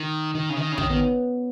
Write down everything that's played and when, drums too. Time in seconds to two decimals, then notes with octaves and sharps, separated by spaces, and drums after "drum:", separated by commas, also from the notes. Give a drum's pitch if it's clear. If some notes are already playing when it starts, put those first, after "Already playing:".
Already playing: D#3
0.35 D#3
0.50 C#3
0.57 D#3
0.72 C#3
0.78 D#3 C#4, drum: kick
0.89 D#3 B3